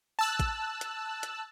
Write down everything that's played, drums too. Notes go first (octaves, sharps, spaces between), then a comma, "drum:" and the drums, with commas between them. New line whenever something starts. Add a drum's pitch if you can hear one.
A5 E6 F#6
drum: kick, hi-hat
drum: hi-hat
drum: hi-hat